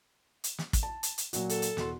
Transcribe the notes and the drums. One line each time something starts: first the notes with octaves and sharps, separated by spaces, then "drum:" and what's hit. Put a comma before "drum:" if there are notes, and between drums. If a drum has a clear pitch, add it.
drum: hi-hat
drum: snare
drum: kick, hi-hat
A5
drum: hi-hat
drum: hi-hat
A#2 F#3 F#4, drum: hi-hat
A4, drum: hi-hat
drum: hi-hat
E1 F#4 C6, drum: snare